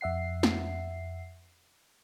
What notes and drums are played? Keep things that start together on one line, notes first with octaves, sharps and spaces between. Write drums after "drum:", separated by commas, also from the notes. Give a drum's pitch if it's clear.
F2 E5 F#5 C7
drum: snare